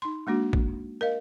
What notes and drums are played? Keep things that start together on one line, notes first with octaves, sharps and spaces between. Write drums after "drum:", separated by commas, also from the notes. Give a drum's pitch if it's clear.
D#4 C6
G#3 A#3 D4 F#4
drum: kick A1
A#4 D#5 F5